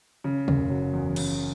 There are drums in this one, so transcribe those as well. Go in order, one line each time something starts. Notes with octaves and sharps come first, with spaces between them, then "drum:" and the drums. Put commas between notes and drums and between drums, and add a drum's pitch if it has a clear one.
C#3
F#1, drum: tom
F#3
E2
C#3, drum: cymbal